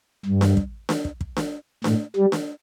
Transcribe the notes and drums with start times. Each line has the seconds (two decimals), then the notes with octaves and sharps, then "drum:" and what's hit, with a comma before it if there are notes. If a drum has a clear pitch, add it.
0.25 G2
0.41 drum: snare D4
0.57 drum: kick
0.89 drum: snare D4
1.05 drum: kick
1.21 drum: kick
1.37 drum: snare D4
1.84 A2, drum: snare D4
2.16 G3
2.32 drum: snare D4